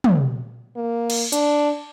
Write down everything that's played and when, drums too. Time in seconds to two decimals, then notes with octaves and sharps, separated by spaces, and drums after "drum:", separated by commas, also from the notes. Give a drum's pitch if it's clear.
0.04 drum: tom
0.76 A#3
1.10 drum: cymbal
1.32 D4, drum: hi-hat